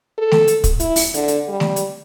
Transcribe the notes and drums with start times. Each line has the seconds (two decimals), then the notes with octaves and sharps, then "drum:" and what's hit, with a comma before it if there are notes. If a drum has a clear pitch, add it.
0.18 A4
0.31 drum: snare A3
0.48 drum: hi-hat
0.64 drum: kick, hi-hat
0.80 E4, drum: hi-hat
0.96 drum: open hi-hat
1.14 D3, drum: hi-hat
1.28 drum: hi-hat
1.48 G3
1.60 drum: snare A3
1.76 drum: hi-hat